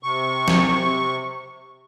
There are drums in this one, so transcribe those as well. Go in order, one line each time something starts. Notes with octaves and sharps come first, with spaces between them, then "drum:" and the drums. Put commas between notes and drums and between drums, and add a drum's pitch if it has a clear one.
C3 C#6
drum: snare